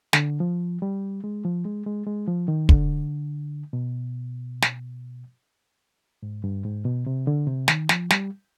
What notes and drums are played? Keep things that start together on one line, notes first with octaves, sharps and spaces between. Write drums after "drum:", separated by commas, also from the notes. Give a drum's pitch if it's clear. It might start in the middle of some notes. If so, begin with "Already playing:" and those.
D3, drum: snare
F3
G3
G#3
F3
G#3
G#3
G#3
F3
D#3
D3, drum: kick
B2
drum: snare
G#2
G2
G#2
B2
C3
D3
C3
D#3, drum: snare
F3, drum: snare
G3, drum: snare